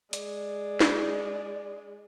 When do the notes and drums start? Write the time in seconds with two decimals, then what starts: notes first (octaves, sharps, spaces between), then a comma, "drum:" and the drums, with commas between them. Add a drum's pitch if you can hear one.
0.13 G#3 D5, drum: hi-hat
0.80 drum: snare